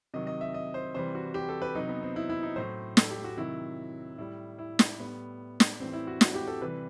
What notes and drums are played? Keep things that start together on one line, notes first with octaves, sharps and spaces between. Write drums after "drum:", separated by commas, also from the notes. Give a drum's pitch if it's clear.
C3 D#3 F#3 D#5
D#5
E5
D#5
C5
C3 E3 G3 C5
F#4
G4
A4
B4
C3 F#3 D#4
B3
C4
E4
E4
D#4
A2 F#3 C5
A4, drum: snare
G4
F#4
C3 D#3 F#3 E4
A2 G3 E4
E4
drum: snare
A2 G3 B3
drum: snare
A2 E3 G3 C4
E4
F#4
F#4, drum: snare
G4
A4
C3 E3 G3 B4